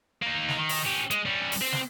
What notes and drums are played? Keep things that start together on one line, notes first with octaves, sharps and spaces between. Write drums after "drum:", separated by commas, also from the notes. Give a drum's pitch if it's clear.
A#3 D#4
drum: snare
D#3
drum: open hi-hat
C#4 G4
G#3, drum: hi-hat
G3 C#4
drum: open hi-hat
C4 C5
drum: snare